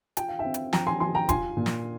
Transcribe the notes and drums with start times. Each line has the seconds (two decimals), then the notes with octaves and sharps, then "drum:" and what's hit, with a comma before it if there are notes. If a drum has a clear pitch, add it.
0.17 F4 G5, drum: hi-hat
0.28 F5
0.39 E5 G5
0.45 C4
0.54 drum: hi-hat
0.73 F3 G5 A#5, drum: snare
0.87 G#5 C6
1.00 F3 G#5 C6
1.15 G5 A#5
1.29 F4 G#5 C6, drum: kick E1, hi-hat
1.57 A#2
1.66 drum: snare